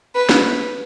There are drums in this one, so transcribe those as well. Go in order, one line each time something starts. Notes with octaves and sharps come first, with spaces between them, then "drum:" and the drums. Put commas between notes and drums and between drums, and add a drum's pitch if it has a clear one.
B4
drum: snare